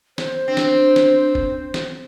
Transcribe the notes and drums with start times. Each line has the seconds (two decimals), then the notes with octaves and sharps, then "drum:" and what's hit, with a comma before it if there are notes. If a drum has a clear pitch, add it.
0.18 C5, drum: snare
0.48 C4 D4
0.57 drum: snare
0.96 drum: snare
1.35 drum: kick F#1
1.74 drum: snare